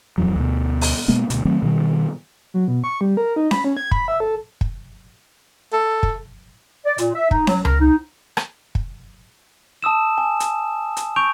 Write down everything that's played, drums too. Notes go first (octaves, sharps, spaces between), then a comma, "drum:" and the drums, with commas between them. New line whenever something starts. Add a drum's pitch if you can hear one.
D#1 F2 E3 F#3
D2 B2
drum: open hi-hat
B2 G#3 A#3 B3
D2 B2, drum: hi-hat
D#3 F#3 A3 C4
B2 D#3 G3
F#3
B2
C#6
G3
A#4
D#4
B5, drum: snare C#4
C#4
G#6
B5, drum: kick
E5
A4
drum: kick
A4
drum: kick
D5
A#2, drum: hi-hat
E5
D#4, drum: kick
F#3, drum: snare C#4
A#4, drum: tom C#2
D#4
drum: rim click
drum: kick
A5 D#6 E6 E7
G#5
drum: hi-hat
drum: hi-hat
C#6 G6 D7 F7